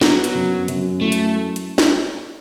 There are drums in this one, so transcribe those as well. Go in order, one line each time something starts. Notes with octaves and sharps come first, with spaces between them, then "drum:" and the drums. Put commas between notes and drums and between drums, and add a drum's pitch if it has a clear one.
F#3 B3, drum: snare
drum: hi-hat
F#2
F#2, drum: hi-hat
A3 E4
drum: hi-hat
drum: hi-hat
drum: snare